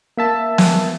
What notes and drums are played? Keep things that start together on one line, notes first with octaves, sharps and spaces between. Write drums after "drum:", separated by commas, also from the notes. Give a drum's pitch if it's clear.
A#3 E5 A5
drum: snare